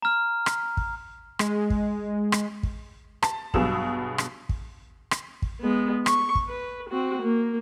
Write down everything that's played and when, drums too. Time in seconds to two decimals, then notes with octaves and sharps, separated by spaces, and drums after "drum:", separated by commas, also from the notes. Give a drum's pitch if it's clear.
0.02 A#5 F6
0.46 drum: rim click
0.77 drum: kick
1.39 G#3, drum: rim click
1.70 drum: kick
2.32 drum: rim click
2.63 drum: kick
3.22 A5, drum: rim click
3.54 G2 B2 F#3 G#4 E6 E7, drum: kick
4.18 drum: rim click
4.49 drum: kick
5.11 drum: rim click
5.42 drum: kick
5.60 G#3 B3
6.06 C#6, drum: rim click
6.35 drum: kick
6.48 B4
6.89 C4 F#4
7.22 A#3